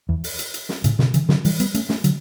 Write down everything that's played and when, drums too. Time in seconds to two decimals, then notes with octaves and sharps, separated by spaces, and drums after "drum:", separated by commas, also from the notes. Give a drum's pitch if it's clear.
0.09 E2
0.24 drum: open hi-hat
0.39 drum: hi-hat
0.54 drum: hi-hat
0.69 drum: snare
0.84 A2 C#3, drum: hi-hat
0.99 B2 D3, drum: snare
1.14 C#3 E3, drum: hi-hat
1.29 D3 F#3, drum: snare
1.45 E3 G3, drum: open hi-hat
1.60 G3 B3, drum: hi-hat
1.74 A3 C#4, drum: hi-hat
1.89 A3 C#4, drum: snare
2.04 D3 F#3, drum: hi-hat